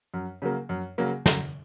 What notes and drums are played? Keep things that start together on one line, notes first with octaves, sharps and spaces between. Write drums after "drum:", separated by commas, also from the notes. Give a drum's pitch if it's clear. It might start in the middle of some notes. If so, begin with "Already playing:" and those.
F#2
C#3 F#3 A#3
F#2
C#3 F#3 A#3
F#2, drum: snare